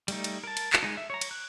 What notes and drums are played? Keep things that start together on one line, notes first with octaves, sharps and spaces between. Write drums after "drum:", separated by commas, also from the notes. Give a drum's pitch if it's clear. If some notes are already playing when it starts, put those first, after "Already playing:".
G3 A3 D#4, drum: cymbal
drum: cymbal
A#4 A5
drum: cymbal
drum: clap
G#3 D#4
E5
C#5 A#5
drum: cymbal
F#6